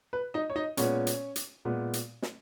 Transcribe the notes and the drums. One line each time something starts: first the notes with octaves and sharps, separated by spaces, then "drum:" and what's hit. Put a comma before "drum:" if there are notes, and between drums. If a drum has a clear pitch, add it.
B4
D#4 D#5
C#5
D#4 D#5
A#2 G#3 B3 C#4 C#5, drum: hi-hat
drum: hi-hat
drum: hi-hat
A#2 G#3 B3
drum: hi-hat
drum: snare